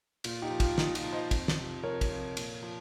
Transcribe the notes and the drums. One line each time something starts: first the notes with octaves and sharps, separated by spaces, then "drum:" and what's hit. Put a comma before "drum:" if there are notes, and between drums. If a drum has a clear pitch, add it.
A#2 F4, drum: cymbal
D#4 G4
F3
F4, drum: kick, cymbal
A#2 D#4, drum: snare
F4, drum: cymbal
F3
C5 D#5
F2, drum: kick, cymbal
drum: snare
C3 F3
F2 A#4 C#5
drum: kick, cymbal
C3 F3
A#2, drum: cymbal
F3